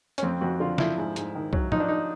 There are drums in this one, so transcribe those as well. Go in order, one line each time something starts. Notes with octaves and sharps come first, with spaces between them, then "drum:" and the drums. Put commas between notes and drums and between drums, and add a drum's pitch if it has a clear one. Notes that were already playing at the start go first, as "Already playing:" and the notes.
C#4, drum: hi-hat
F2 C4
F2 F#4
D3 F4
F3 E4, drum: snare
G#2
G#2, drum: hi-hat
D#3
F#3, drum: kick
F3 D#4, drum: tom
D4
D#4